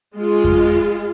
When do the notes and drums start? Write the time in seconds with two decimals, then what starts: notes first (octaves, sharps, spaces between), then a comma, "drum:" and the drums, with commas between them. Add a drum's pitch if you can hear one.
0.14 G#3 F4
0.44 drum: kick F2